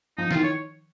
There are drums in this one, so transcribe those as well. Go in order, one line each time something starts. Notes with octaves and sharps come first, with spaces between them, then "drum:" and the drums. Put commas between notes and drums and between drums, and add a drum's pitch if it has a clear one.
F3 D#4
D#3 F4, drum: snare
C#5